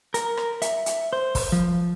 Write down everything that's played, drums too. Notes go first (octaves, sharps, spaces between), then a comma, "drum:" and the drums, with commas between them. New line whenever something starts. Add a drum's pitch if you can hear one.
A#4, drum: hi-hat
drum: rim click
E5, drum: hi-hat
drum: hi-hat
C5
drum: kick, open hi-hat
F3